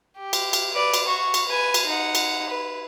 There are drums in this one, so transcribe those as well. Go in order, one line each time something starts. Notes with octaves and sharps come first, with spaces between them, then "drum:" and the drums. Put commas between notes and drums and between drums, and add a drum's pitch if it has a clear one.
G4
drum: cymbal
drum: cymbal
B4 D5
drum: cymbal
F#4 C#6
drum: cymbal
B4 G#5
drum: cymbal
D#4 F#5
drum: cymbal
B4